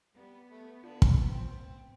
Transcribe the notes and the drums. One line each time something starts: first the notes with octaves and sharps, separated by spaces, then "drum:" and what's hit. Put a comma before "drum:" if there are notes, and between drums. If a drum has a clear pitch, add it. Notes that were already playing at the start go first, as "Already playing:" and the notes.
G3 B3
A3
D3 F4
drum: kick
B1 C4
A2